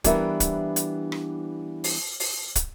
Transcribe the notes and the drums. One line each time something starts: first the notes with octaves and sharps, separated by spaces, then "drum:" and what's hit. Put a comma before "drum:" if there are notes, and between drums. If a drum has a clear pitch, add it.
E3 G3 B3 D4 A#4 E5, drum: kick, hi-hat
drum: kick, hi-hat
drum: hi-hat
drum: rim click
drum: open hi-hat
drum: open hi-hat
drum: kick, hi-hat